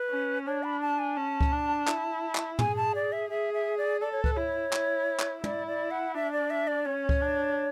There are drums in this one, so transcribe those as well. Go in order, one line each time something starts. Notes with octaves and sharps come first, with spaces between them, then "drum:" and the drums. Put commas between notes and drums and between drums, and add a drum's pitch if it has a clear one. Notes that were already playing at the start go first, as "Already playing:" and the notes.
Already playing: B4
C#4
D4 C#5
B5
A5
G#5
C#4 A5
drum: kick C#2
D4
E4, drum: clap
drum: clap
G#4 G#5, drum: tom
A5
D5
E5
G#4 E5
E5
D5
A4 D5
C#5
B4, drum: kick C#2
E4 C#5
E4, drum: clap
drum: clap
E4 D5, drum: tom
D5
F#5
D4 E5
D5
E5
D5
C#4 C#5
drum: kick C#2
D4